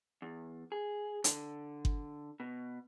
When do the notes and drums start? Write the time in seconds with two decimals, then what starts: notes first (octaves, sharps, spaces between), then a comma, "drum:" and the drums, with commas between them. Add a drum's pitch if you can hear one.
0.22 E2
0.72 G#4
1.24 D3, drum: hi-hat
1.85 drum: kick G1
2.40 B2